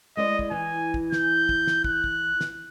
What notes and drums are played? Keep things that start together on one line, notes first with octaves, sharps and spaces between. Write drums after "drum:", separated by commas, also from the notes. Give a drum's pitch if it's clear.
G#3 E4 D5 D#5
drum: kick
E3 G#5
drum: kick
G6, drum: snare
drum: kick
drum: snare
F#6, drum: kick
drum: kick
drum: snare